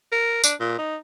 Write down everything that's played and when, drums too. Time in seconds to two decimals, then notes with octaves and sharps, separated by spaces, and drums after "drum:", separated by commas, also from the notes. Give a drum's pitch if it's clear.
0.12 A#4
0.44 D4, drum: tambourine
0.60 A#2
0.78 D#4